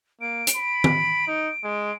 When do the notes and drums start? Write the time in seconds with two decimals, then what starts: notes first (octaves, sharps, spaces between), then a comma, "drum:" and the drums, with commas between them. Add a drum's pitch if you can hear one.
0.21 A#3 D7
0.47 drum: hi-hat
0.56 B5
0.84 drum: tom D#3
1.28 D#4
1.64 G#3